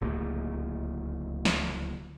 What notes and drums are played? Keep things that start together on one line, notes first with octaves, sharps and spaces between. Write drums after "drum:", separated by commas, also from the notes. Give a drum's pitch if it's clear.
D1 C#2 A3 A#3
drum: snare